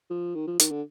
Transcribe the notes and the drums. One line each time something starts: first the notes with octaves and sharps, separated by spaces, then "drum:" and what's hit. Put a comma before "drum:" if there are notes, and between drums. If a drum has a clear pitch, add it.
F3
D#3
F3
D#3, drum: hi-hat
D3